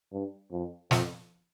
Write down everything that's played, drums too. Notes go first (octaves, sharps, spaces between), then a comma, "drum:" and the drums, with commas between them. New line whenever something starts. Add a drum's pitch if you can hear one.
G2
F2
F2, drum: snare